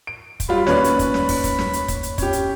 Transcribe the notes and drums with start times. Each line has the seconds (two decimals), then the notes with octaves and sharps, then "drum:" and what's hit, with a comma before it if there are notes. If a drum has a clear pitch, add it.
0.07 D7
0.40 drum: kick, hi-hat
0.49 F#3 G3 F4 B5
0.67 D#2 C#4 B4 C#5 D5 F#6, drum: snare
0.84 drum: hi-hat
0.99 drum: kick, hi-hat
1.14 drum: snare
1.29 drum: kick, open hi-hat
1.44 drum: kick, hi-hat
1.59 drum: snare
1.73 drum: hi-hat
1.88 drum: kick, hi-hat
2.03 drum: hi-hat
2.18 C#4 G4, drum: kick, hi-hat
2.33 drum: hi-hat